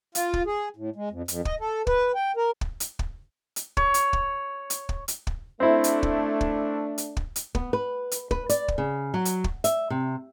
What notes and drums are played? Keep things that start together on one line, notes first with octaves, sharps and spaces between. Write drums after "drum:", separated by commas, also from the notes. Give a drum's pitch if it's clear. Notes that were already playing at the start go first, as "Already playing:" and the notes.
F4, drum: hi-hat
drum: kick
G#4
A2
G#3
F2
F2, drum: hi-hat
D#5, drum: kick
A4
B4, drum: kick
G5
A#4
drum: kick
drum: hi-hat
drum: kick
drum: hi-hat
C#5, drum: kick
drum: hi-hat
drum: kick
drum: hi-hat
drum: kick
drum: hi-hat
drum: kick
A3 C4 D4 E4
drum: hi-hat
drum: kick
drum: kick
drum: hi-hat
drum: kick
drum: hi-hat
B3, drum: kick
B4
drum: hi-hat
B4, drum: kick
D5, drum: hi-hat
drum: kick
C#3
F#3
drum: hi-hat
drum: kick
E5, drum: hi-hat
C3